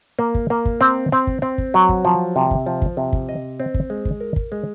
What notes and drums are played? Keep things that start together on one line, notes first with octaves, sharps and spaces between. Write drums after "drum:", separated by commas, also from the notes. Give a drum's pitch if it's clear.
A#3
drum: kick
A#3
drum: kick
C4
C4
drum: kick
C4
drum: kick
F#3
drum: kick
F3
C3
drum: kick
F3
drum: kick
C3
drum: kick
D#5
C4
drum: kick
G#3
drum: kick
A#4
drum: kick
G#3